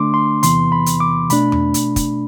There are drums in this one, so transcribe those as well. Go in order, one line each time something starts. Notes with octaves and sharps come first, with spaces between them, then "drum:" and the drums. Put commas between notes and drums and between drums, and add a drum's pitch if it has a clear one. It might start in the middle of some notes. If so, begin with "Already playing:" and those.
Already playing: D3 A3 D4 C6 D6
C6
E2 C3 E3 B3 C6, drum: hi-hat
B5
drum: hi-hat
D6
B2 A3 D4 B5, drum: hi-hat
drum: tom E2
drum: hi-hat
drum: kick, hi-hat